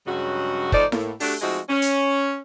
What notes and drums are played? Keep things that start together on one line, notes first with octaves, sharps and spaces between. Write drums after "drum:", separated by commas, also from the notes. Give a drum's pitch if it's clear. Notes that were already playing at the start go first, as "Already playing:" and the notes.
G2 C#3 F#3 G#3 F#4
F3 A3 D#4 C5 D5, drum: kick
A2 A#3, drum: snare E4
A3 D4 F#4 G4, drum: open hi-hat
F3 G#3 A3 C4 D#4 F#4
C#4
drum: hi-hat